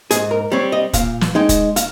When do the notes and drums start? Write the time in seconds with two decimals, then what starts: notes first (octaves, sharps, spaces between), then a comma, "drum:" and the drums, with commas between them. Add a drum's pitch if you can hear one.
0.11 G#2 G#4, drum: hi-hat
0.31 A#4
0.52 G3 C4 C#5
0.72 D#5
0.93 A#2 F5, drum: kick, hi-hat
1.21 drum: snare
1.35 G#3 D#4 G5
1.49 drum: kick, hi-hat
1.76 F5, drum: hi-hat